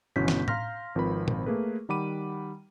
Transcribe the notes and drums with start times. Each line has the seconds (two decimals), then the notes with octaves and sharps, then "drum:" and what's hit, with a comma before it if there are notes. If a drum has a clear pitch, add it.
0.16 G1 B2 E3 C#4 G6 B6
0.28 drum: snare
0.48 F5 A#5 C6 F6 A#6, drum: tom A2
0.95 G#1 F3 C4 A#4 B4 B5
1.28 drum: tom A#2
1.46 A3 A#3 G#4 A#4 B4
1.89 D#3 G3 F#5 B5 D6 D#7